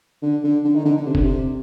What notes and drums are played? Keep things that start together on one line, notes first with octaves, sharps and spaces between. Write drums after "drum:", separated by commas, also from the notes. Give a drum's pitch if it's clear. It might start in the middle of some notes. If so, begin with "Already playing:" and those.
D3
D3
D3
D#3
D3
D3
C3
D3, drum: kick F#1
C3